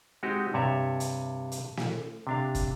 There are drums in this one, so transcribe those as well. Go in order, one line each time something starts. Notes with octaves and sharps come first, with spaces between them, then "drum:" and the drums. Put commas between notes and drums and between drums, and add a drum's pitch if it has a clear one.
G#3 C4 D#4 F#4 G4
G2 C3 C#5 D5 E5
drum: hi-hat
drum: hi-hat
drum: snare
C3 D4 F5
drum: kick, hi-hat